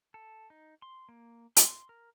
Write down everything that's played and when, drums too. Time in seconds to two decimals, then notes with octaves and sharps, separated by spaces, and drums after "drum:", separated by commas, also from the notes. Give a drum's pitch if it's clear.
0.14 A4
0.50 D#4
0.82 C6
1.09 A#3
1.56 C6, drum: hi-hat
1.89 A#4